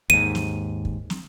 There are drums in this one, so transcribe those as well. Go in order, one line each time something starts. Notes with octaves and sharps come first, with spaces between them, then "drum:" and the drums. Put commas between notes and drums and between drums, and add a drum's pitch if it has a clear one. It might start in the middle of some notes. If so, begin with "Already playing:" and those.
D#2 G#2 D#7
drum: snare
drum: kick
drum: snare